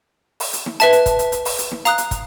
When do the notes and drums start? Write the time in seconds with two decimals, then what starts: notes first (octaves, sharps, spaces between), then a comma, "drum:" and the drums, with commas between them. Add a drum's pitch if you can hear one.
0.40 drum: open hi-hat
0.53 drum: hi-hat
0.66 drum: snare
0.80 B4 E5 A5, drum: hi-hat
0.93 drum: hi-hat
1.06 drum: kick, hi-hat
1.19 drum: hi-hat
1.32 drum: hi-hat
1.45 drum: open hi-hat
1.58 drum: hi-hat
1.72 drum: snare
1.85 F5 A#5 D#6 F#6, drum: hi-hat
1.98 drum: hi-hat
2.11 drum: kick, hi-hat